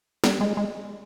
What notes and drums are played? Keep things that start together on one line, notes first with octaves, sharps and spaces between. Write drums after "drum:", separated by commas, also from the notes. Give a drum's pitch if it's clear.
G3, drum: snare
G#3
G#3